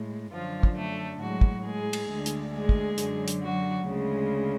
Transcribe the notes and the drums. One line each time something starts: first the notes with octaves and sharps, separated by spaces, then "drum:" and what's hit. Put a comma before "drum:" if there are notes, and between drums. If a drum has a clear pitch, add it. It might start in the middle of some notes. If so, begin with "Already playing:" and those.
Already playing: A2 G#3
F#2 D3 F3 F#3 F4
drum: kick
A3 A4
A2 F#3 G#3 F#4
drum: kick
G#3 G#4
drum: cymbal
D2 D3 G#3
drum: hi-hat
G#3 G#4
drum: kick
F#2 D3 F#3, drum: hi-hat
drum: hi-hat
F#3 F#4
D2 C#3 G#3